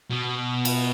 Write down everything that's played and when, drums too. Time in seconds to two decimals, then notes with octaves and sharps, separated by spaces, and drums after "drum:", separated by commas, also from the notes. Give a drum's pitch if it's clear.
0.10 B2
0.65 drum: cymbal